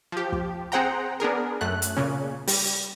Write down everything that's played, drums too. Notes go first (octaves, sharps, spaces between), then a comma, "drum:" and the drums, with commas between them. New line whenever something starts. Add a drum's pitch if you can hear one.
F3 G4
drum: kick
C4 G#4 C5 F#5 G5 A#5
B3 D4 G#4 A#4
F#2 A3 F#6
drum: hi-hat
A#2 C#3 C#4
G3, drum: open hi-hat